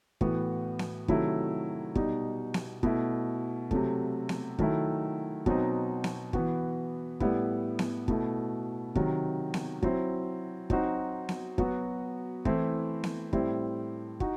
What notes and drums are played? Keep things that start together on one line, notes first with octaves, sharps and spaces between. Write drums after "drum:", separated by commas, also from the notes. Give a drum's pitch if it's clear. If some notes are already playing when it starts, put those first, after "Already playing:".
A2 E3 B3 F#4, drum: kick
drum: snare B3
C3 D#3 F#3 A3 E4, drum: kick
B2 G3 D#4, drum: kick
drum: snare B3
B2 A3 E4, drum: kick
C3 F#3 A3, drum: kick
drum: snare B3
D#3 F#3 A3 E4, drum: kick
B2 F#3 C4 D#4, drum: kick
drum: snare B3
E3 B3 F#4, drum: kick
A2 G3 B3 E4, drum: kick
drum: snare B3
B2 A3 E4, drum: kick
C3 D#3 F#3, drum: kick
drum: snare B3
F#3 C4 E4, drum: kick
F#3 C4 D#4 F#4, drum: kick
drum: snare B3
F#3 B3 F#4, drum: kick
E3 A3 C4 E4, drum: kick
drum: snare B3
A2 G3 C4 E4, drum: kick
D#4 F#4, drum: kick